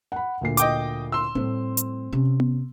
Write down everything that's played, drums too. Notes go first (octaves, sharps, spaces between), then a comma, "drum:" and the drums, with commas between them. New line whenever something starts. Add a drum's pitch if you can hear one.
F#5 B5
D2 A#2 C7
D#5 G5 D6, drum: hi-hat
C6 E6
A2 G3 C4
drum: hi-hat
C3 C#4
drum: tom B3